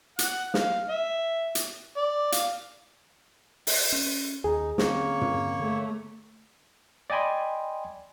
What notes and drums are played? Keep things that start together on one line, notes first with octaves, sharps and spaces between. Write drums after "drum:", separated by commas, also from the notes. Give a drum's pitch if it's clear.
F#5, drum: hi-hat
F5, drum: snare
E5
drum: hi-hat
D5
F5, drum: hi-hat
drum: open hi-hat
C#4
D#2 D#4 G#4
D3 A#3 C4 C#4 C#5, drum: snare
drum: tom
D3 A3
D5 D#5 G5 G#5 B5 C6